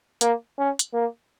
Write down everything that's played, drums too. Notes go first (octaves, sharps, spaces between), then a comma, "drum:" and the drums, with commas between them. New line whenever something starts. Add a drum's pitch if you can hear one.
A#3, drum: hi-hat
C#4
drum: hi-hat
A#3